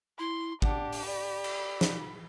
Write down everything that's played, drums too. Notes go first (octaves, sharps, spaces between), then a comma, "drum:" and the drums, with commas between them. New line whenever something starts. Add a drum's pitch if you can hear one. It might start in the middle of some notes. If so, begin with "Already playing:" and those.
E4 C6
D4 G4 F#5, drum: kick G#1
drum: open hi-hat
D5 B5
drum: cymbal
drum: snare